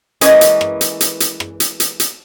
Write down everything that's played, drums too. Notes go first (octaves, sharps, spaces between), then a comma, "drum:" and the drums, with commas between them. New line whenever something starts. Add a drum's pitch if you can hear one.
E3 G#3 A#3 C#4 B4 D#5, drum: hi-hat
drum: hi-hat
drum: rim click
drum: hi-hat
drum: hi-hat
drum: hi-hat
drum: rim click
drum: hi-hat
drum: hi-hat
drum: hi-hat